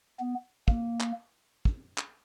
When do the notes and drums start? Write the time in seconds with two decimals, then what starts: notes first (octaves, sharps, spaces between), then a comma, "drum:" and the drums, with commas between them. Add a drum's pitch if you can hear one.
0.20 B3
0.68 A#3, drum: kick
1.01 drum: clap
1.65 drum: kick
1.98 drum: clap